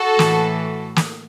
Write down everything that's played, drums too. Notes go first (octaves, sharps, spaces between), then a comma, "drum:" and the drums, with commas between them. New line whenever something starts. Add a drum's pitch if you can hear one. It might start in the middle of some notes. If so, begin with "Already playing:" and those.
Already playing: F#4 A4
A2 E3, drum: snare
drum: snare